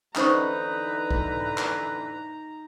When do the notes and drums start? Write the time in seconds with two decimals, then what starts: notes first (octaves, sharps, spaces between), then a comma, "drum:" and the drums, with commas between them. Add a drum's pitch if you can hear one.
0.16 D3 E3 C#4 D#4 B4 C5 A#5 C#6, drum: clap
1.11 drum: kick C2
1.58 drum: clap